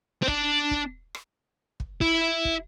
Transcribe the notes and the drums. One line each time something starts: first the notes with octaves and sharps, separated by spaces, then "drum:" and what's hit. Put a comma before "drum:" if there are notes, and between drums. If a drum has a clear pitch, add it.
C4
D4, drum: kick
drum: kick
drum: rim click
drum: kick
E4, drum: kick
drum: kick